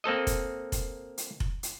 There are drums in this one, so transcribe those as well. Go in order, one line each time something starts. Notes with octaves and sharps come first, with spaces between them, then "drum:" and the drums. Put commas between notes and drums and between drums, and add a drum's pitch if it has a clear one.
A#3 C4 A4 D#5
drum: kick F1, hi-hat
drum: kick F1, hi-hat
drum: hi-hat
drum: kick F1
drum: hi-hat